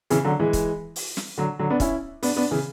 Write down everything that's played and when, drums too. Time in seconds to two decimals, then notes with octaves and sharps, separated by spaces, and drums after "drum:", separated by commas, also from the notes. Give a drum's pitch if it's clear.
0.10 C#3 E3, drum: hi-hat
0.24 D3 F#3
0.39 E3 G#3
0.53 drum: kick, hi-hat
0.96 drum: open hi-hat
1.17 drum: snare
1.37 D3 F#3
1.59 D3 F#3
1.70 B3 D4
1.80 C#4 E4, drum: kick, hi-hat
2.23 B3 D4, drum: open hi-hat
2.36 B3 D4
2.51 C#3 E3